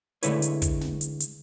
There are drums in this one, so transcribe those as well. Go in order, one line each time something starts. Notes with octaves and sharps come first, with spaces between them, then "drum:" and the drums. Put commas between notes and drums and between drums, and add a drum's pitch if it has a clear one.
D3 G#3 A3 E4 B4 C#5, drum: hi-hat
drum: hi-hat
drum: kick, hi-hat
drum: snare
drum: hi-hat
drum: hi-hat